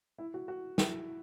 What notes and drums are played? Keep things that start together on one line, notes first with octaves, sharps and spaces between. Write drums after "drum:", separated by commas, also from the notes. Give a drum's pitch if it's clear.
E4
F#4
F#4
E4, drum: snare